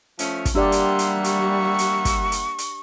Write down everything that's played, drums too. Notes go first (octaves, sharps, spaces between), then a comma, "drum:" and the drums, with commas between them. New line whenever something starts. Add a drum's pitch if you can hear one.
F3 A3 C#4, drum: hi-hat
drum: kick, hi-hat
G3 A#3 D4 G4 D5 E5 F#5 C6
drum: hi-hat
drum: hi-hat
C#6, drum: hi-hat
drum: hi-hat
drum: kick, hi-hat
drum: hi-hat
drum: hi-hat